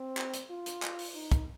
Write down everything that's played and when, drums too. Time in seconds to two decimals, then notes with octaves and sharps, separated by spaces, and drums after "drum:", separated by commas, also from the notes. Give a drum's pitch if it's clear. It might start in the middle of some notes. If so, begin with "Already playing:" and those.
Already playing: C4
0.17 drum: clap
0.34 drum: hi-hat
0.50 F4
0.66 drum: hi-hat
0.83 drum: clap
0.99 drum: open hi-hat
1.15 D#4
1.32 drum: kick, hi-hat